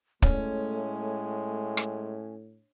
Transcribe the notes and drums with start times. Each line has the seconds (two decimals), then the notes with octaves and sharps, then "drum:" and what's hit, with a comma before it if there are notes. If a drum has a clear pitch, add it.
0.22 A2 G#3 A3 C#4, drum: kick
1.77 drum: rim click